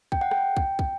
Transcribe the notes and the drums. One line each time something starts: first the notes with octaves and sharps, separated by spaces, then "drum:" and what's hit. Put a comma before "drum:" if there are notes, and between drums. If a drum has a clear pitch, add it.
G5, drum: kick
F#5
G5, drum: rim click
drum: kick
drum: kick